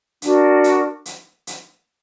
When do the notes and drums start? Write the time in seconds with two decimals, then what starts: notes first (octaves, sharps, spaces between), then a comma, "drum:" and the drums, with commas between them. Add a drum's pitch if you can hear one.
0.22 D4 F#4 A#4, drum: hi-hat
0.64 drum: hi-hat
1.06 drum: hi-hat
1.47 drum: hi-hat